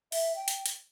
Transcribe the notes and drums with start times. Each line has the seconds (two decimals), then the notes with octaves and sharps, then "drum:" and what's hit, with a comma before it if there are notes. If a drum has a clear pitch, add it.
0.12 E5, drum: open hi-hat
0.36 G5
0.48 drum: hi-hat
0.66 drum: hi-hat